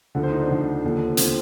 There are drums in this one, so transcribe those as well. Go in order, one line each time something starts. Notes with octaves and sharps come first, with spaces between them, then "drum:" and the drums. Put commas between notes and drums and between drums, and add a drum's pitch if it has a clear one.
D2 D3 F3
C5
D#4
D4
D2 D3 F3
D#2 D3 F3
D3 F3 C4, drum: hi-hat